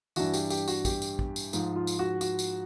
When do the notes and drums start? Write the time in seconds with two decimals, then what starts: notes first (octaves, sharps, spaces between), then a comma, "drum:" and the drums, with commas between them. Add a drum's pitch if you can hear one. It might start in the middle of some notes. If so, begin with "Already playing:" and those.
0.16 G2 E3 F#4, drum: tambourine
0.34 G4, drum: tambourine
0.50 G4, drum: tambourine
0.68 F#4, drum: tambourine
0.85 G4, drum: kick, tambourine
1.02 drum: tambourine
1.19 drum: kick
1.36 drum: tambourine
1.53 G#2 F3, drum: tambourine
1.76 F4
1.87 drum: tambourine
1.99 F#4
2.21 F#4, drum: tambourine
2.39 drum: tambourine